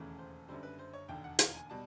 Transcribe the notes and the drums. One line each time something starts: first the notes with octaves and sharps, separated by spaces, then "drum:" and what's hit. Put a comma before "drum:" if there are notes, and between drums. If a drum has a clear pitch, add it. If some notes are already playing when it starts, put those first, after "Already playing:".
Already playing: E1 D#2 C#3 E3 A3
C5
F#1 F#2 D3 G3 C5
B4
C5
C#5
E1 D#2 D3 G5
F#5
F5, drum: hi-hat
G#5
B2 G3 A5